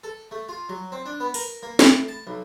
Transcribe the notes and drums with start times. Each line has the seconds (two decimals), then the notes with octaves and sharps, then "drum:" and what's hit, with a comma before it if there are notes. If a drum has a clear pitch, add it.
0.04 A4
0.31 A3
0.49 F4
0.69 F#3
0.92 C4
1.06 D4
1.20 B3
1.34 A#4, drum: open hi-hat
1.63 A#3
1.79 A2, drum: snare
2.08 A5
2.27 B1